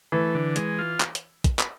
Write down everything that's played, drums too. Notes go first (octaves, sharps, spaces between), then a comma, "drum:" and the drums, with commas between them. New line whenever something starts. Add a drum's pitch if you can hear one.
E3 A3
D3
G#3, drum: hi-hat
F4
drum: clap
drum: hi-hat
drum: kick, hi-hat
drum: clap